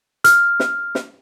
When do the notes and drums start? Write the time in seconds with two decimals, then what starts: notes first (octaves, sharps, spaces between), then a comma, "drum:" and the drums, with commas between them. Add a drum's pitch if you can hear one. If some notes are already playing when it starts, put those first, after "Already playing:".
0.24 F6, drum: hi-hat
0.60 drum: snare
0.95 drum: snare